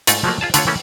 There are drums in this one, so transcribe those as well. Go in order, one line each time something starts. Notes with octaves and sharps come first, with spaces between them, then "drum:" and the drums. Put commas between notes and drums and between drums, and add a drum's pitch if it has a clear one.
G#2 A3 D#4 F4 D5, drum: hi-hat
F3 F#3 A3 A#3
F4 G#4 A5
D3 A3 F4 C#5, drum: hi-hat
C#3 E3 A3 A#3 C#4